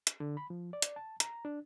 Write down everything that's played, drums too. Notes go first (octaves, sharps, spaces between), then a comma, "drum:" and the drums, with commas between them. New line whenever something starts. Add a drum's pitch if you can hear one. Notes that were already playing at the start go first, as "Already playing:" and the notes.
drum: hi-hat
D3
B5
F3
D5
drum: hi-hat
A5
A#5, drum: hi-hat
D4